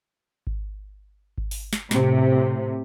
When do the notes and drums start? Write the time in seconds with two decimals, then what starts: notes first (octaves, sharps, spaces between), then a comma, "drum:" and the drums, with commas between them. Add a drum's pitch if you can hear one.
0.47 drum: kick G#1
1.38 drum: kick G#1
1.51 drum: open hi-hat
1.73 drum: snare
1.91 A2 C3, drum: snare